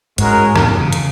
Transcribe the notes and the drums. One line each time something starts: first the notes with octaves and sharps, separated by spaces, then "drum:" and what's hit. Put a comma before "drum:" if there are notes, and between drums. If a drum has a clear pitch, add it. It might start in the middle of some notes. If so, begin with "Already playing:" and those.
G#2 G#3 C#4 F#4 A#4, drum: hi-hat
E2, drum: rim click
F#2
C#3
drum: hi-hat